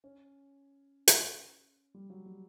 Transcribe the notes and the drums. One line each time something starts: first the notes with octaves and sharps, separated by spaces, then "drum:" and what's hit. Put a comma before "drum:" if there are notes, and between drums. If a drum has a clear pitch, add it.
C#4
drum: hi-hat
G3
F#3
G3